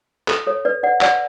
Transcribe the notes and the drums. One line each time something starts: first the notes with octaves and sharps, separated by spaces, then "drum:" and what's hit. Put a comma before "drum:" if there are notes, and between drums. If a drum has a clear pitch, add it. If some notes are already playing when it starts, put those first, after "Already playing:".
A4, drum: clap
A4 C#5
B4 D5
D5 F#5
D5 F#5, drum: clap